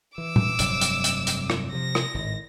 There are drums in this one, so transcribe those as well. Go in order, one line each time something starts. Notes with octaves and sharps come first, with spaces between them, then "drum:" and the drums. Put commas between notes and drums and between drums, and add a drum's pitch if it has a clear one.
E3 D6 E6
drum: tom A#2
F1 G2 F#3, drum: hi-hat
drum: hi-hat
drum: hi-hat
drum: hi-hat
drum: rim click
C3 F3 A#6
drum: rim click
G#1 A2